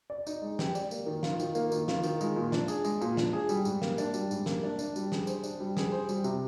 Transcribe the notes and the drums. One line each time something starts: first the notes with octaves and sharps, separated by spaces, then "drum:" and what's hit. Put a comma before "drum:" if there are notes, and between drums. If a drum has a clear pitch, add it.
D5
D#4, drum: tambourine
G#3
G4, drum: snare
D5, drum: tambourine
A#3, drum: tambourine
D#3
F4, drum: snare
D#3, drum: tambourine
A#3, drum: tambourine
D#3, drum: tambourine
F4, drum: snare
D#3, drum: tambourine
G#3, drum: tambourine
A#2
D4, drum: snare
G#4, drum: tambourine
G#3, drum: tambourine
A#2, drum: tambourine
D4, drum: snare
G#4
G3, drum: tambourine
G#2, drum: tambourine
A#3, drum: snare
D4, drum: tambourine
G3, drum: tambourine
G#2, drum: tambourine
A#3, drum: snare
D4
D4, drum: tambourine
G3, drum: tambourine
G#4, drum: snare
C5, drum: tambourine
D4, drum: tambourine
G3
G#4, drum: snare
C5
G3, drum: tambourine
C3, drum: tambourine